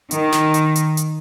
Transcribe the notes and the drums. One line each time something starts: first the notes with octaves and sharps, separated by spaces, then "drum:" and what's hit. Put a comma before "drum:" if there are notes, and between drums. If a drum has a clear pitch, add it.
D#3, drum: hi-hat
drum: snare
drum: hi-hat
drum: hi-hat
drum: hi-hat